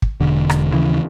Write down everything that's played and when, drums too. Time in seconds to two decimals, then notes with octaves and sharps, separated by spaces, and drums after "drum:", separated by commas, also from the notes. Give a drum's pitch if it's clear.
0.02 drum: kick
0.21 E1 D3
0.50 drum: rim click
0.73 D#2 C#3 E3